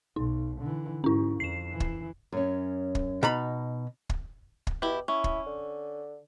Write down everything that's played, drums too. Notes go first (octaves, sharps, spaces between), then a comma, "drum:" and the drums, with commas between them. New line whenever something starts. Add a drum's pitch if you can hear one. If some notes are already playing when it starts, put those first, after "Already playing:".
B1 D#4
D3 E3
G#2 C#4 E4
F2 C7 E7
E3
drum: kick
F#2 C#4
drum: kick
B2 D#4 A#5 B5
drum: kick
drum: kick
B2 E4 G4
C#4 E4
drum: kick
D3